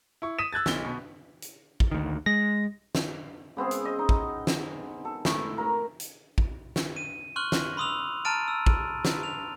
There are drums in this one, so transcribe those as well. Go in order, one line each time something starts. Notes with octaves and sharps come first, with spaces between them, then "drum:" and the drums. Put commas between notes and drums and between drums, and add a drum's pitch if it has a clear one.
E4 C#6
D#6 B6 D#7 E7
E6 F#6 G#6 A6
B1 G7, drum: snare
B2
drum: hi-hat
drum: kick
D2 D#3
G#3 A#6
drum: snare
C#3 B3 C4 G#4
drum: hi-hat
D#5
D#4
drum: kick
drum: snare
A4
A2, drum: snare
A#4 A#5
drum: hi-hat
drum: kick
drum: snare
D#7
C6 C#6 F6 F#6 F#7
drum: snare
B5 C6 D#6 E6 F7
A5 A#5 F6 A6 D7 D#7
E6
drum: kick
drum: snare
F7